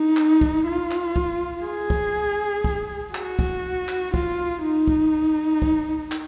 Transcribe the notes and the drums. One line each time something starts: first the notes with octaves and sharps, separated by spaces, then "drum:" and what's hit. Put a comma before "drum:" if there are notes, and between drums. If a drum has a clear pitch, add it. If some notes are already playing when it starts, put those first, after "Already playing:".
Already playing: D#4
drum: clap
drum: kick
F4
drum: clap
drum: kick
G#4
drum: kick
drum: kick
F#4, drum: clap
drum: kick
drum: clap
F4, drum: kick
D#4
drum: kick
drum: kick
drum: clap